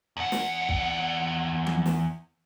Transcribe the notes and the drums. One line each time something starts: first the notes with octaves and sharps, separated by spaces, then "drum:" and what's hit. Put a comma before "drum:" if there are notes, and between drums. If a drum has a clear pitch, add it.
E2 F#5
drum: snare
drum: kick
drum: tom F3
drum: snare